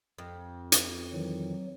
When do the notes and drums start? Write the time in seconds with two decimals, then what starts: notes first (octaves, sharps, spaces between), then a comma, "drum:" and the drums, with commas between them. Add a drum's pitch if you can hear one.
0.18 F2
0.72 drum: hi-hat
1.13 D#3 E3 F#3